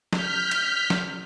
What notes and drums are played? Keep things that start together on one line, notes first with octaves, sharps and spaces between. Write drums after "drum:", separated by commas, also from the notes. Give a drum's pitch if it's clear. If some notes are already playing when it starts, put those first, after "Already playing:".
F6 G6 B6, drum: snare
drum: cymbal
drum: snare